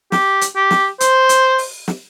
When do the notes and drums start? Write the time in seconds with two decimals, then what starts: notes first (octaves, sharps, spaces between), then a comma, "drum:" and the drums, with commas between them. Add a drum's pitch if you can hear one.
0.12 G4, drum: snare
0.41 drum: hi-hat
0.56 G4
0.71 drum: snare
1.00 C5, drum: hi-hat
1.29 drum: hi-hat
1.58 drum: open hi-hat
1.88 drum: snare